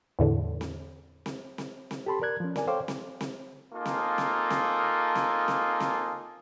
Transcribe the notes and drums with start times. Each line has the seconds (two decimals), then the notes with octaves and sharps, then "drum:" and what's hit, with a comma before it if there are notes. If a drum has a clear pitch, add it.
0.19 E2 A2 D3
0.61 drum: snare C4
1.26 drum: snare C4
1.58 drum: snare C4
1.91 drum: snare C4
2.06 G4 A4 A5 B5 C6
2.22 A#4 D5 F#6 G#6
2.40 F3 C#4
2.56 A#4 D5 G#5, drum: snare C4
2.67 A4 C5 C#5 F5 G5 D6
2.88 drum: snare C4
3.21 drum: snare C4
3.74 A#3 D#4 F4 G#4 A4
3.85 drum: snare C4
4.18 drum: snare C4
4.50 drum: snare C4
5.15 drum: snare C4
5.48 drum: snare C4
5.80 drum: snare C4